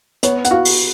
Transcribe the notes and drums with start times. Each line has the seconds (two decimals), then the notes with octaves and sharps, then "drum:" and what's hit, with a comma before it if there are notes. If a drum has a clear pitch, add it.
0.23 B3 C#5, drum: hi-hat
0.45 F#5, drum: hi-hat
0.51 F#4 F5
0.65 drum: open hi-hat